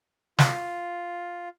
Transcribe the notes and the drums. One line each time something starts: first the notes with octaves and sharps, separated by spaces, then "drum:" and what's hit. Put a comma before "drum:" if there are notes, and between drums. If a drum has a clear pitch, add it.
F4, drum: snare